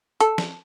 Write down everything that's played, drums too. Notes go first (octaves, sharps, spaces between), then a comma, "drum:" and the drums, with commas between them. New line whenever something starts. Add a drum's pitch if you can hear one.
A4, drum: hi-hat
drum: snare